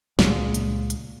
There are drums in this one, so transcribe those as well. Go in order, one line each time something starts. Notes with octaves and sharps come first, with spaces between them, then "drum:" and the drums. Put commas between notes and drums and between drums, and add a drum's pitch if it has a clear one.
C#2 A#2 G#3, drum: snare
drum: hi-hat
drum: hi-hat